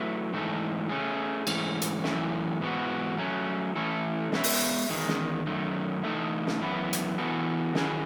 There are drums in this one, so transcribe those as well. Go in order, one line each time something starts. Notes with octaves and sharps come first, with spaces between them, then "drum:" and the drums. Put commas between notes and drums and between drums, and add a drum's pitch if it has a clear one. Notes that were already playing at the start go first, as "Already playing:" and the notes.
Already playing: F#3 A3 E4 B4
G#2 E3 A3 D#4 A4
A3 C#4 G#4
G#2 E3 A3 C#4, drum: cymbal
drum: hi-hat
F#2 E3 A3, drum: snare
G#2 E3 B3 F#4
F#3 A3 C#4
E3 A3 C#4 E4 A4
G#3 B3 F#4 C#5 E5, drum: snare
drum: open hi-hat
E2 D#3 G#3
drum: snare
F#2 D#3 A3
E3 A3 D#4 A4 E5
drum: snare
F#2 E3 B3 E4
drum: hi-hat
E3 B3 F#4 A4
D#3 F#3 C#4 E4 G#4, drum: snare